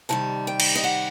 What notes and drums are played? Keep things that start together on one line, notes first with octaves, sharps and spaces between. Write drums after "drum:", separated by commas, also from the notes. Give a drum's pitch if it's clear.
C3 D#3 G3 A5
G5
drum: cymbal
D#5
F#5